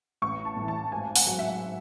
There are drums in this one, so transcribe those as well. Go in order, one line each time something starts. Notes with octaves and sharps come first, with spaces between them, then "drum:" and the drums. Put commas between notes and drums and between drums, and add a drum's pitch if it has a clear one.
A1 C#6
A5
A2
E3
A5
G#1 G#5
F#5, drum: open hi-hat
G#2 F#3
E5